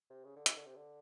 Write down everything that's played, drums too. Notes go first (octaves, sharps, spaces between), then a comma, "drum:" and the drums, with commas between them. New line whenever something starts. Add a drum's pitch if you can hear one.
C3
C#3
D3
D#3, drum: hi-hat
D3
C3
D3